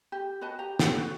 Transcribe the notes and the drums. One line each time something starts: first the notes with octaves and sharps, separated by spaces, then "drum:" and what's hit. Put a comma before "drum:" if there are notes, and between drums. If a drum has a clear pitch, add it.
G4
F#4 B4 D#5 A5
G4 A#5
G4 A4 F#5, drum: snare
F#4 B4